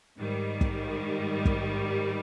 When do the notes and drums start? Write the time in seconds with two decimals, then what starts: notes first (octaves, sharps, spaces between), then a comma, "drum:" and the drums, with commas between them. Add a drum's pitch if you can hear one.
0.19 G#2 D#3 G3
0.61 drum: kick
1.45 drum: kick